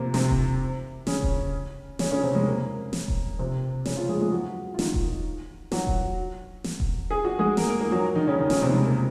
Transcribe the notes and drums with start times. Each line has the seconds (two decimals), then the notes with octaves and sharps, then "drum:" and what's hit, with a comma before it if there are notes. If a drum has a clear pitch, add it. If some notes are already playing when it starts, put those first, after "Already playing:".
Already playing: C3 A#3 C4
0.14 C3 C4, drum: snare
0.29 drum: kick D#1
1.07 C#3 C#4, drum: snare
1.22 drum: kick D#1
1.99 C#3 C#4, drum: snare
2.11 C#3 C#4
2.23 C3 C4
2.35 G#3
2.46 A#3
2.93 drum: snare
3.08 drum: kick D#1
3.39 C3 C4
3.86 C#3 C#4, drum: snare
3.97 F3 F4
4.09 G#3 G#4
4.20 G#3 G#4
4.32 F#3 F#4
4.74 F4
4.79 D#3 D#4, drum: snare
4.94 drum: kick D#1
5.72 F#3 F#4, drum: snare
5.87 drum: kick D#1
6.64 drum: snare
6.80 drum: kick D#1
7.11 G#4
7.25 F#4
7.39 G#3 G#4
7.57 A#3 A#4, drum: snare
7.68 A#3 A#4
7.81 A#3 A#4
7.92 F#3 F#4
8.15 D#3 D#4
8.27 C#3 C#4
8.38 D#3 D#4
8.50 C#3 C#4, drum: snare
8.62 C3 C4
8.73 G#3
8.85 A#3